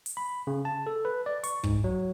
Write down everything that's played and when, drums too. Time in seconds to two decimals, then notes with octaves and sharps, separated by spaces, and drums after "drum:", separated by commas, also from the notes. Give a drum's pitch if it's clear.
0.06 drum: hi-hat
0.17 B5
0.47 C#3
0.65 A5
0.87 A4
1.05 B4
1.26 D5
1.44 C#6, drum: hi-hat
1.64 G#2, drum: kick
1.84 F#3